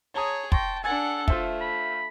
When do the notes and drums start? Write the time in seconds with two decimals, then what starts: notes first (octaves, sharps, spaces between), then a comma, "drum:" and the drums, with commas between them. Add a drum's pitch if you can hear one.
0.14 G#4 C#5 A5 A#5 D#6
0.52 G5 A5 C6 C#6 A#6, drum: kick
0.84 D4 A4 F#5 G#5 G#6 A6
1.28 A3 F4 C5 E5, drum: kick
1.61 B5